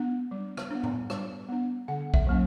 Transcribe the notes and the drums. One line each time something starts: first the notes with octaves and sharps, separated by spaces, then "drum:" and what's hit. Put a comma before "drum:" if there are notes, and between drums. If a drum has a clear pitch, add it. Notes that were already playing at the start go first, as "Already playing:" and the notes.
Already playing: B3 D4
G3
drum: rim click
B3 D4
drum: tom A2
G3, drum: rim click
B3 D4
D3 F#5
E5, drum: kick
F#3 A#3 C#4